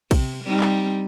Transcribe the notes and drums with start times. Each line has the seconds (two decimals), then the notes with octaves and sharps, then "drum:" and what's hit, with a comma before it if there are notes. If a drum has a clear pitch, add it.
0.11 C3, drum: kick A#1, cymbal
0.44 G3 C4 D#4
0.60 drum: clap